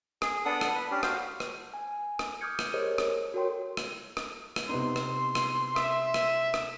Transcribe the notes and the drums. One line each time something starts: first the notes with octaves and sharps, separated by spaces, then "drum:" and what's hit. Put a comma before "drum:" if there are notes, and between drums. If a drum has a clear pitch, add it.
G#4, drum: rim click
B3 D4 A4 D#6
drum: rim click
B4
C#4 D4 G4
F#4 C5 F5, drum: rim click
drum: rim click
G#5
drum: rim click
D6 D#6 F6 G6 G#6 C#7
drum: rim click
G4 G#4 A#4 C5 C#5 D#5
drum: rim click
F#4 A4 A#4 C#5 G5 C6
drum: rim click
drum: rim click
drum: rim click
C3 B3 D#4 C6
drum: rim click
drum: rim click
E5, drum: rim click
drum: rim click
drum: rim click